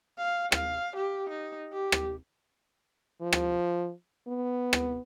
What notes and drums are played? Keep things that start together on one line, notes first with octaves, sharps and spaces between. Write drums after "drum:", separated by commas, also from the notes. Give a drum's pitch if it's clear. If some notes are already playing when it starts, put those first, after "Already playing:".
F5
F5, drum: rim click
G4
D#4
G4
drum: rim click
F3
drum: rim click
B3
drum: rim click